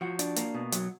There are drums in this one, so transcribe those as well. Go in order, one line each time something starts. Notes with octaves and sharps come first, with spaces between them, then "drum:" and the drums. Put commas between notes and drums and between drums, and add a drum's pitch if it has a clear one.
F3 F#4
D4, drum: hi-hat
A#3, drum: hi-hat
B2
F#3, drum: hi-hat